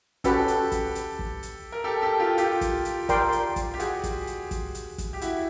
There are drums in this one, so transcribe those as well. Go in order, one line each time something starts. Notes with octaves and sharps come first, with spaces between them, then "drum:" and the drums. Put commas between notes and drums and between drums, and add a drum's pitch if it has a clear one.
C#4 F#4 G4 A4 B4, drum: kick, hi-hat
drum: hi-hat
drum: kick, hi-hat
drum: hi-hat
drum: kick
drum: hi-hat
A#4
G4 A4
G4 A4
F4 G4
F4 G4, drum: hi-hat
drum: kick, hi-hat
drum: hi-hat
A#4 D5 G5 C6, drum: kick, hi-hat
drum: hi-hat
drum: kick, hi-hat
G4
F#4 G#4, drum: hi-hat
drum: kick, hi-hat
drum: hi-hat
drum: kick, hi-hat
drum: hi-hat
drum: kick, hi-hat
G4
E4 F#4, drum: hi-hat